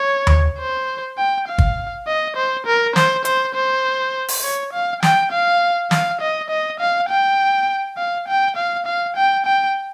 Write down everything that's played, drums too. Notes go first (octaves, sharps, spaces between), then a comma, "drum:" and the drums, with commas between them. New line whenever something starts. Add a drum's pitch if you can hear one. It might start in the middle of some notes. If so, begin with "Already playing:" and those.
Already playing: C#5
drum: tom D#2
C5
G5
F5
drum: kick
D#5
C5
A#4
C5, drum: snare
C5, drum: hi-hat
C5
drum: open hi-hat
C#5
F5
G5, drum: snare
F5
F5, drum: snare
D#5
D#5
F5
G5
F5
G5
F5
F5
G5
G5